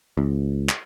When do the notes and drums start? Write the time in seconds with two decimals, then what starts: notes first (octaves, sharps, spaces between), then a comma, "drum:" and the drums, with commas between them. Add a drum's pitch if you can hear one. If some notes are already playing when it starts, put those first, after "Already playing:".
0.17 C#2
0.69 drum: clap